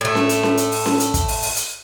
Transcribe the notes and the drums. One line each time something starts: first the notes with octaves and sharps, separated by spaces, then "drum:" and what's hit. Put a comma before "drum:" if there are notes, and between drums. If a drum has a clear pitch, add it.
A2 A3
drum: snare C#4
drum: hi-hat
drum: snare C#4
drum: hi-hat
drum: open hi-hat
drum: snare C#4
drum: hi-hat
drum: kick, hi-hat
drum: open hi-hat
drum: open hi-hat
drum: hi-hat